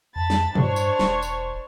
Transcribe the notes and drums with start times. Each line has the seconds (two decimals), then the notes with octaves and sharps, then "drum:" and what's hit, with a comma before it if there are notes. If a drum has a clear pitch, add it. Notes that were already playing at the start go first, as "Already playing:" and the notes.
0.16 F2 A5 B5 A6
0.30 drum: snare
0.55 G2 D4 C5 C#5, drum: tom
0.76 drum: tambourine
0.99 E1, drum: snare
1.23 drum: tambourine